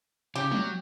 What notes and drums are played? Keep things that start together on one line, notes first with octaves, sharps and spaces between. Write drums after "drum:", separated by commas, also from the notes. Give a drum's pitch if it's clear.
C#3 G4
F#3, drum: tom